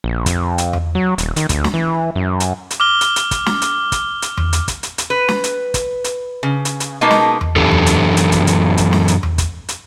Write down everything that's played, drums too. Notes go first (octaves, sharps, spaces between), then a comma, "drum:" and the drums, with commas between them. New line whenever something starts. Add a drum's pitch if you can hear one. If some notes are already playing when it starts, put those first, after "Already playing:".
A#1
F2, drum: kick, hi-hat
drum: hi-hat
drum: tom E2
F#3
D#1, drum: hi-hat
D#3, drum: hi-hat
D2, drum: kick, hi-hat
drum: snare
E3
F#2
drum: hi-hat
drum: hi-hat
D6 F6 G7
drum: hi-hat
drum: hi-hat
drum: kick, hi-hat
drum: snare
drum: hi-hat
drum: kick, hi-hat
drum: hi-hat
drum: tom E2
drum: hi-hat
drum: kick, hi-hat
drum: hi-hat
drum: hi-hat
B4
drum: snare
drum: hi-hat
drum: kick, hi-hat
drum: hi-hat
C#3
drum: hi-hat
drum: hi-hat
B2 G#3 A#3 B3 D#4 A5
drum: snare
drum: tom E2
F#2 E3 D4 G4 A4, drum: kick
drum: tom E2
drum: hi-hat
drum: hi-hat
drum: kick, hi-hat
drum: hi-hat
drum: kick, hi-hat
drum: snare
drum: hi-hat
drum: tom E2
drum: kick, hi-hat
drum: hi-hat